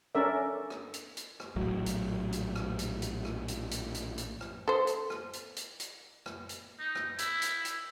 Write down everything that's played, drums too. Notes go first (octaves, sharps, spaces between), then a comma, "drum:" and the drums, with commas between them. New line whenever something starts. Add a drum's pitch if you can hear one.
C#4 D4 A4 A#4 D5 E5
drum: rim click
drum: hi-hat
drum: hi-hat
drum: rim click
A#1 A2 F#3
drum: hi-hat
drum: hi-hat
drum: rim click
drum: hi-hat
drum: hi-hat
drum: rim click
drum: hi-hat
drum: hi-hat
drum: hi-hat
drum: hi-hat
drum: rim click
A4 C5
drum: hi-hat
drum: rim click
drum: hi-hat
drum: hi-hat
drum: hi-hat
drum: rim click
drum: hi-hat
D#4
drum: rim click
E4, drum: hi-hat
drum: hi-hat
drum: hi-hat